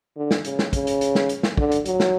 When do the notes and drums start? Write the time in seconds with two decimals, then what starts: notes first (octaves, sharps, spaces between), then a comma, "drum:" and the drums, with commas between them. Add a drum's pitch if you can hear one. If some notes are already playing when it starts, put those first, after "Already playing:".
0.17 D3
0.31 drum: snare
0.45 C#3, drum: hi-hat
0.59 drum: snare
0.73 C#3, drum: kick, hi-hat
0.87 drum: hi-hat
1.01 drum: hi-hat
1.15 drum: snare
1.29 drum: hi-hat
1.43 drum: snare
1.57 D3, drum: kick
1.72 drum: hi-hat
1.86 F#3, drum: hi-hat
2.00 drum: snare